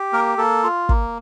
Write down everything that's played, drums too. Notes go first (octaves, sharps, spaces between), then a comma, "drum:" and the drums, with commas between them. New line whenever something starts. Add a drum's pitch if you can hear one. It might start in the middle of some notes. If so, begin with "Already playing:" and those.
Already playing: G4
A#3 A#4
A#3 A4
F4
A#3, drum: kick